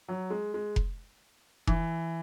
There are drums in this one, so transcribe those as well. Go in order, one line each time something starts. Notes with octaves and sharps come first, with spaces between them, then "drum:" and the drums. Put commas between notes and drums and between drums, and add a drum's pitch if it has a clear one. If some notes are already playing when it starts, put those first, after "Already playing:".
F#3
G#3
G#3
drum: kick F1
E3, drum: kick F1